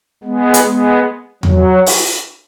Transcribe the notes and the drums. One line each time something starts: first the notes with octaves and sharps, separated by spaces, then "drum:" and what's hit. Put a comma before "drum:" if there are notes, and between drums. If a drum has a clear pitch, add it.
G#3 B3
drum: hi-hat
G#3 B3
F#3, drum: tom E2
drum: open hi-hat